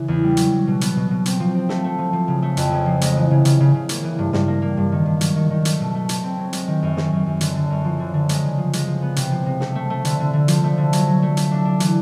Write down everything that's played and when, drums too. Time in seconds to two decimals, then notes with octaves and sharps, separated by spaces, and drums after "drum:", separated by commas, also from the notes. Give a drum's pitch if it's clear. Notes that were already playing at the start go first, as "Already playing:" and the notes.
Already playing: C#3 E3
0.08 E2
0.23 G3
0.37 F#3, drum: hi-hat
0.52 F#3
0.67 B2
0.81 B3, drum: hi-hat
0.96 B2
1.10 B2
1.26 C4, drum: hi-hat
1.40 F3
1.55 C4
1.69 A3, drum: snare
1.84 A3
1.98 F3
2.13 F3
2.28 C#3
2.42 A3
2.57 F2, drum: hi-hat
2.72 C#3
2.86 F3
3.01 G#3, drum: hi-hat
3.16 E3
3.31 C#3
3.45 C#3, drum: hi-hat
3.60 C#3
3.74 C#3
3.89 A#3, drum: hi-hat
4.04 E3
4.18 G2
4.33 G2, drum: snare
4.48 A#3
4.62 A#3
4.77 G2
4.92 D#3
5.06 G2
5.21 F#3, drum: hi-hat
5.36 D#3
5.50 D#3
5.65 A3, drum: hi-hat
5.80 B2
5.95 A3
6.09 A3, drum: hi-hat
6.23 C4
6.39 F#3
6.53 G#3, drum: hi-hat
6.68 D#3
6.83 F#2
6.97 D#3, drum: snare
7.12 F#2
7.26 F#2
7.41 D3, drum: hi-hat
7.55 D3
7.70 F#2
7.85 F3
7.99 D3
8.14 D3
8.29 G#3, drum: hi-hat
8.43 C#3
8.58 F3
8.73 G#3, drum: hi-hat
8.87 F3
9.02 B3
9.16 C3, drum: hi-hat
9.31 F3
9.46 C3
9.60 A3, drum: snare
9.75 A3
9.90 A3
10.05 D3, drum: hi-hat
10.20 D3
10.33 D3
10.48 F3, drum: hi-hat
10.64 A3
10.78 D3
10.93 F#3, drum: hi-hat
11.07 F#3
11.22 A3
11.37 A3, drum: hi-hat
11.51 D4
11.65 D4
11.80 E3, drum: hi-hat